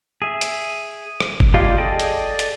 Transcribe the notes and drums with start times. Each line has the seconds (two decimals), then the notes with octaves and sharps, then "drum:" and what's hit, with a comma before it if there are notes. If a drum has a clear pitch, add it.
0.22 G#4 E5
0.41 drum: hi-hat
1.20 drum: rim click
1.40 drum: kick G1
1.54 G#3 F4 G4 D5 F5
1.78 G#4 A4 D5 D#5 G5
2.00 drum: hi-hat
2.39 drum: hi-hat